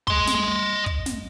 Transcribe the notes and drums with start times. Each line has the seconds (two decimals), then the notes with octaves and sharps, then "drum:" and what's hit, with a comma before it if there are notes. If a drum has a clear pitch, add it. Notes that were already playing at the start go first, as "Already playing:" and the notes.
0.07 D#5 C6, drum: kick
0.27 drum: snare
0.86 drum: kick
1.06 drum: snare